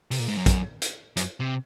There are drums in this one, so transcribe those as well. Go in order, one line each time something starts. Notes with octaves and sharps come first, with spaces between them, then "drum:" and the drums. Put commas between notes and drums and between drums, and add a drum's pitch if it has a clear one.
C3, drum: open hi-hat
A#2
G#2
F#2
drum: kick, hi-hat
drum: hi-hat
F#2, drum: hi-hat
C3